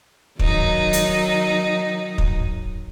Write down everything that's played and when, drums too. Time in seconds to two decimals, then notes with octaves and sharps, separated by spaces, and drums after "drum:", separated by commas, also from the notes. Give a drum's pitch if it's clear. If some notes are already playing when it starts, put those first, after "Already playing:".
0.39 D#3 F#3 D#4, drum: kick
0.93 drum: hi-hat
2.18 drum: kick